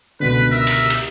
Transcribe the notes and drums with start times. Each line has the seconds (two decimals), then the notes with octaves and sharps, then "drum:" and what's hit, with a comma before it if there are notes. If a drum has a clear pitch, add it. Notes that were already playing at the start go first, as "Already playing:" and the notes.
0.20 C#2 B2 D3 B4
0.50 A#4 E5
0.67 drum: cymbal
0.90 drum: cymbal